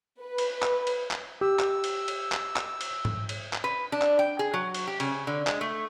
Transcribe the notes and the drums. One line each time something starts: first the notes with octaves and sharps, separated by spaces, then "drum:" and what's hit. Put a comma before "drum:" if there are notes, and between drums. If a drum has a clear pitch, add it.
B4
drum: cymbal
drum: clap
drum: cymbal
drum: clap
G4 E6
drum: clap
drum: cymbal
drum: cymbal
drum: clap
drum: clap
drum: cymbal
drum: tom G#2
drum: cymbal
drum: clap
B4
D4
drum: clap
G5
G#4
F#3
drum: cymbal
G4
C#3, drum: cymbal
D3
G#3, drum: clap
A3